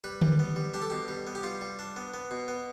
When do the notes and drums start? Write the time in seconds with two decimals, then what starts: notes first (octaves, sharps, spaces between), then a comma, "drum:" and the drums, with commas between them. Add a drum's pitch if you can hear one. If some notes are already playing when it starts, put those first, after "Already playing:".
0.04 G3 B4
0.21 G3, drum: tom D3
0.39 B3
0.56 G3
0.74 D4 G4
0.82 A4
0.90 B2 G4
1.08 G3
1.27 B3
1.35 G4
1.43 G3 F4
1.61 G3
1.79 D4
1.96 B3
2.14 B3
2.31 B2
2.48 B3